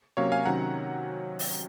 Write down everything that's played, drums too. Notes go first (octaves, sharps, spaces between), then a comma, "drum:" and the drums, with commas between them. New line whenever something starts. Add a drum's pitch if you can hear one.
C3 F#3 A#3 C#4 C#5 F5
F5 G#5
C3 D#3 F#3 C#4 F#5 A#5
drum: open hi-hat